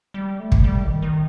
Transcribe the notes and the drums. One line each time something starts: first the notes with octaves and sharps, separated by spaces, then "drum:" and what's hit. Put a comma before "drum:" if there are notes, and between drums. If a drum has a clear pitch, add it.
G3
A3
drum: kick
G3
D#3
D#3